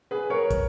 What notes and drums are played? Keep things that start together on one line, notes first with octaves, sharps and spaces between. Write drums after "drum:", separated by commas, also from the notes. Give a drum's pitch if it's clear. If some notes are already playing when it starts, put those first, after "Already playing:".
G#4 B4
A#4 C#5
drum: kick, hi-hat